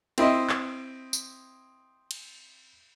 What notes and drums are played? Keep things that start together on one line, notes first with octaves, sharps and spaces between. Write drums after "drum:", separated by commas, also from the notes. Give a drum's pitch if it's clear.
C4 E4 D#5 C6, drum: cymbal
drum: clap
drum: tambourine
drum: cymbal